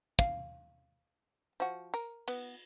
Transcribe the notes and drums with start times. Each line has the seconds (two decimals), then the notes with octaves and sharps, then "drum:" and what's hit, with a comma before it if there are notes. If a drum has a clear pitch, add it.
0.19 F5, drum: kick
1.60 F3 F#4
1.94 A#4, drum: tambourine
2.28 B3, drum: cymbal